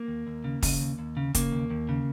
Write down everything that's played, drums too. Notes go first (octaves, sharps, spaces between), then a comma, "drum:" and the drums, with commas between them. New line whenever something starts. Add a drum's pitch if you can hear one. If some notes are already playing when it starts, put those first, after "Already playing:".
Already playing: A#3
D#2
D#2
C#3
C#3, drum: kick, open hi-hat
D#2
D#2
C#3
C#3 A#3, drum: kick, hi-hat
D#2
D#2
C#3